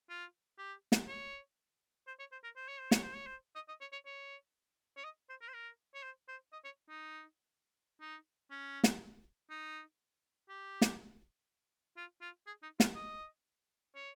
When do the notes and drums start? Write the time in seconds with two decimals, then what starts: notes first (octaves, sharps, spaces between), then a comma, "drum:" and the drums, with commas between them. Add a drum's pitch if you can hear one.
0.10 F4
0.58 G4
0.92 drum: snare
1.08 C#5
2.07 C5
2.19 C#5
2.32 C5
2.44 A#4
2.56 C5
2.68 C#5
2.80 C5
2.91 C#5, drum: snare
3.03 C5
3.15 C#5
3.26 C5
3.55 D#5
3.68 D#5
3.81 C#5
3.92 C#5
4.06 C#5
4.97 C#5
5.04 D#5
5.29 C5
5.41 A#4
5.48 C5
5.53 A#4
5.95 C#5
6.03 C5
6.28 C5
6.52 D#5
6.64 C#5
6.89 D#4
8.01 D#4
8.51 C#4
8.84 drum: snare
9.50 D#4
10.49 G4
10.81 drum: snare
11.97 F4
12.21 F4
12.47 G#4
12.63 D#4
12.80 F4, drum: snare
12.95 D#5
13.95 C#5